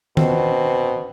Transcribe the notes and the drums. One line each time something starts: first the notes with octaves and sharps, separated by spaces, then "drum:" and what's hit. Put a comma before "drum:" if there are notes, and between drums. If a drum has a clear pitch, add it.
B2 C4, drum: tom D#3